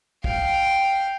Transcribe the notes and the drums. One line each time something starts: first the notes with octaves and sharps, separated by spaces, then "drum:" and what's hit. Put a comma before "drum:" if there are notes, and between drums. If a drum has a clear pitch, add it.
F5 G5, drum: kick